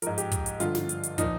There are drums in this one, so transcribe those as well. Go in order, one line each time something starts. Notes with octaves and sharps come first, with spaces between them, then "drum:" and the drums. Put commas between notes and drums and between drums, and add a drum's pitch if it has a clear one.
G#2 F3 A#4, drum: hi-hat
G4, drum: hi-hat
drum: kick, hi-hat
drum: hi-hat
G2 D3 F3 F4, drum: hi-hat
drum: snare
drum: hi-hat
drum: hi-hat
A#2 F3 D#4, drum: kick, hi-hat